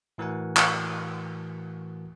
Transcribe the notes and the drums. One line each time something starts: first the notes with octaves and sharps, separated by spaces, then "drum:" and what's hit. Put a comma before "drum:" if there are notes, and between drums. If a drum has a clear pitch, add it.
A2 E3 F#4 A#4 F#5 G#5
drum: clap